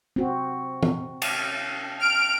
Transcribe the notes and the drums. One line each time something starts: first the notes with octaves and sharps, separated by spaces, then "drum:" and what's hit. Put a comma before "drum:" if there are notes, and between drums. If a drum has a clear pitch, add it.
C4 F#4
drum: tom E3
drum: cymbal
F6 D7